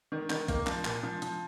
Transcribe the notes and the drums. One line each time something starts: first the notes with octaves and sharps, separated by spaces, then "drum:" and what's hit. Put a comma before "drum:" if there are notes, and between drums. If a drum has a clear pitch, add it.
D#3
D#3, drum: clap
A#3, drum: kick, hi-hat
F3, drum: clap
A#2, drum: clap
F3
F3, drum: hi-hat